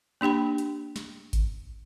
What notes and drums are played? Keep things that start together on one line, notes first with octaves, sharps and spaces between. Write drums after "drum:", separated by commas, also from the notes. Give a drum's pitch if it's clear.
A#3 D4 G4 G5 B5
drum: hi-hat
drum: snare
drum: kick G#1, hi-hat